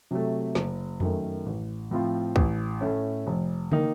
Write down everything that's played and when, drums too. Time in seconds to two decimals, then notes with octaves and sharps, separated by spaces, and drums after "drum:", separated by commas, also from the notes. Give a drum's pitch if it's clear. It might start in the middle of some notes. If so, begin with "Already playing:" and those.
0.11 C3 F#3 A3
0.55 F#1, drum: snare
1.00 F#2 D#3 A3, drum: tom F2
1.46 A1
1.91 A2 F3 C4 F4
2.36 A1, drum: kick
2.81 A2 A3 C#4
3.27 F1
3.72 D#3 A#3 D#4, drum: tom